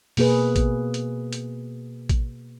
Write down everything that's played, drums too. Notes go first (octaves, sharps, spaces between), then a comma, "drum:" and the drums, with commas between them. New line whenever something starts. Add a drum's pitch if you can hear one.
B2 A#3 G#4 B4, drum: open hi-hat
drum: kick A1, hi-hat
drum: hi-hat
drum: hi-hat
drum: kick A1, hi-hat